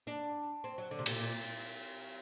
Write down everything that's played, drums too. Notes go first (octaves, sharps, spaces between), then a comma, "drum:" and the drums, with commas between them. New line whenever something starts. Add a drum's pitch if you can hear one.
D4
C4
F#3
D3
C3
A#2, drum: cymbal
A#2